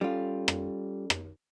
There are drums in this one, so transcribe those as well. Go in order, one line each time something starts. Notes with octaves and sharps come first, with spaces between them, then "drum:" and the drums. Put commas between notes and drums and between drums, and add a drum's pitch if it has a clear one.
G3 C#4 F4 A4
drum: rim click
drum: rim click